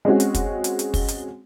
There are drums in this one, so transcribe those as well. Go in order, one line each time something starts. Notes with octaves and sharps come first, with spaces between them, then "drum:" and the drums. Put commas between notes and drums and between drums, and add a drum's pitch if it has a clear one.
G#3 C4 C#4 F#4
drum: hi-hat
drum: kick, hi-hat
drum: hi-hat
drum: hi-hat
drum: kick, open hi-hat
drum: hi-hat